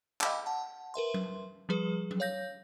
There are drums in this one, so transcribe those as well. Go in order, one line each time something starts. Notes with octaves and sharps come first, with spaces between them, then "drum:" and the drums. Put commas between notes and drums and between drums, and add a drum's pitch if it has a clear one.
D#5 F5 G5 B5 D6 E6, drum: clap
F#5 A5
A#4 B4 E5 C6
drum: tom F#3
F3 G3 G#4 B4
drum: tom F#3
C#5 F5 G6 A#6